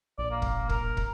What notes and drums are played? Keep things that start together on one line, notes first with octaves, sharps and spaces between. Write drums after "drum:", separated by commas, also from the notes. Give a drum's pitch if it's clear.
A#1 D5
A#3
drum: kick
A#4, drum: kick
drum: kick